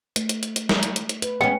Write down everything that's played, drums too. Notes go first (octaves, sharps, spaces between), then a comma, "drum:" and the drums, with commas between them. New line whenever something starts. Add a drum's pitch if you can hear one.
A3, drum: hi-hat
drum: hi-hat
drum: hi-hat
drum: hi-hat
drum: snare
drum: hi-hat
drum: hi-hat
drum: hi-hat
B4, drum: hi-hat
G#3 B3 C#4 G5